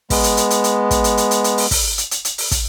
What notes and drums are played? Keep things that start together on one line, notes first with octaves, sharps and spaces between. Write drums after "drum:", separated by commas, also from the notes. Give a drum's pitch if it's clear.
G#3 B3, drum: kick, open hi-hat
drum: hi-hat
drum: hi-hat
drum: hi-hat
drum: hi-hat
drum: kick, hi-hat
drum: hi-hat
drum: hi-hat
drum: hi-hat
drum: hi-hat
drum: open hi-hat
drum: kick, open hi-hat
drum: hi-hat
drum: hi-hat
drum: hi-hat
drum: open hi-hat
drum: kick, hi-hat